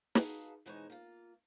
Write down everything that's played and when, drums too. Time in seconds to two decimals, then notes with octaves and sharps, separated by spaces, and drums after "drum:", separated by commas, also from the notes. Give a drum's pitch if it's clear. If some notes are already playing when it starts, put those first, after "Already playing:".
0.15 D#4 F#4 G#4 A4 B4 F5, drum: snare
0.66 B2 E3 G#3 D#4 C5 C#5
0.90 A#3 F4